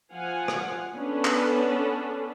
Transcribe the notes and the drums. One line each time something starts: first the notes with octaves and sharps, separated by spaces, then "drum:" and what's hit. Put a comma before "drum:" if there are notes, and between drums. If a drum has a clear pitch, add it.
F3 F5 F#5 G#5
drum: rim click
B3 C#4 D4 A4 B4
drum: clap